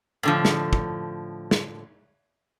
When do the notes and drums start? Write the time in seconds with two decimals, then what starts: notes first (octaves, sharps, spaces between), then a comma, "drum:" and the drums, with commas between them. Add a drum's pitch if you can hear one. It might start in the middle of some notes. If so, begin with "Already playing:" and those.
0.23 A2 D3 F3
0.45 drum: snare
0.73 drum: kick
1.51 drum: snare